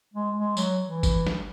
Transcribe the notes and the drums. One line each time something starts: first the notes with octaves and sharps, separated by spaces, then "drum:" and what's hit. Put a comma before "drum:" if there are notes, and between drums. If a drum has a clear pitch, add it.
G#3
G#3
F#3, drum: tambourine
E3
drum: kick G1, tambourine
drum: snare